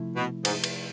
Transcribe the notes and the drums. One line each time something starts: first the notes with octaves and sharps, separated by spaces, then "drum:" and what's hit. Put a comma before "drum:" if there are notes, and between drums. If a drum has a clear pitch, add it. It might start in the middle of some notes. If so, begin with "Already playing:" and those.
Already playing: C3 F3 A3 E4
B2
G#2, drum: cymbal
drum: cymbal